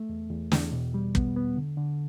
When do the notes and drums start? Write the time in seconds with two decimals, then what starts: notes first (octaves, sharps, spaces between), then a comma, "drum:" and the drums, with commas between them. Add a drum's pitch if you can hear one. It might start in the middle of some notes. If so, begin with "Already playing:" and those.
Already playing: A3
0.09 E2
0.30 E2
0.52 E2, drum: snare
0.72 B2
0.94 G3
1.15 B3, drum: kick
1.36 B3
1.56 D3
1.77 D3